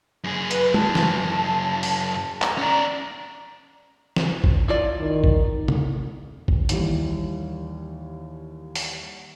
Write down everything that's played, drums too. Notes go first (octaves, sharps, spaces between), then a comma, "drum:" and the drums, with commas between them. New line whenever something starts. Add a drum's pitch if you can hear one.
F#2 G#4
B4, drum: hi-hat
A5, drum: tom
drum: snare
drum: open hi-hat
A#5, drum: clap
C#4 D5
drum: snare
drum: kick
E4 F4 D5
D#3
drum: kick
drum: tom
drum: kick
D#2 E3 G3, drum: hi-hat
drum: open hi-hat